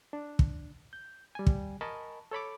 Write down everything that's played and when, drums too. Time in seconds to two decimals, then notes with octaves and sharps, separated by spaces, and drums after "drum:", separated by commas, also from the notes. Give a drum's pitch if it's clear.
0.13 D4
0.39 drum: kick
0.93 G6
1.35 G3 G#5
1.47 drum: kick
1.81 A#4 D#5 G#5 A5 B5 C#6
2.31 A4 C#5 B5 D6